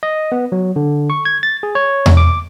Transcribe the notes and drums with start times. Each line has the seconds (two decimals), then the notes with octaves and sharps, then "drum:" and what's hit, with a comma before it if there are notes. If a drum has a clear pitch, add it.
0.03 D#5
0.32 B3
0.52 F#3
0.76 D3
1.10 C#6
1.25 G#6
1.43 A6
1.63 G#4
1.75 C#5
2.06 drum: tom E2
2.17 D6